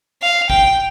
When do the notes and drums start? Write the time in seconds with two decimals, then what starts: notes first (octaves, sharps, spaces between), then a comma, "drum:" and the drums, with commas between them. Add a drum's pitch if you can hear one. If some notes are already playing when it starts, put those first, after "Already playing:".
0.22 F5
0.50 G5, drum: kick